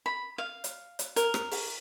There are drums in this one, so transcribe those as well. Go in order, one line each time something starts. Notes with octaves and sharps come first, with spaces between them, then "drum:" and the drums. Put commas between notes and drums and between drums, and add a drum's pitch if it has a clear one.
B5
F5
drum: hi-hat
drum: hi-hat
A#4, drum: hi-hat
drum: rim click
drum: open hi-hat